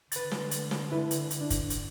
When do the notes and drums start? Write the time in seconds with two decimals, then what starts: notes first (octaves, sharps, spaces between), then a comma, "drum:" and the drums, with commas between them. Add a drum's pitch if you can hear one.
0.12 D3 B4 A6, drum: hi-hat
0.31 drum: snare
0.51 drum: hi-hat
0.71 drum: snare
0.92 E4 B4
1.11 drum: hi-hat
1.31 drum: hi-hat
1.41 D4
1.50 drum: kick, hi-hat
1.70 drum: hi-hat